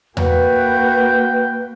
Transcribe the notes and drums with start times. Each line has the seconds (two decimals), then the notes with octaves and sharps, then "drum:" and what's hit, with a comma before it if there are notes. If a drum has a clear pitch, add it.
0.17 A#3 F#4 B4 G5, drum: tom E2